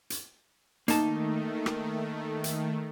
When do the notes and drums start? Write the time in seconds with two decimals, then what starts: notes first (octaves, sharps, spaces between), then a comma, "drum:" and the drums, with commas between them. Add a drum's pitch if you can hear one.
0.10 drum: hi-hat
0.88 D#3 A3 A#3 D#4 A5, drum: hi-hat
1.66 drum: rim click
2.44 drum: hi-hat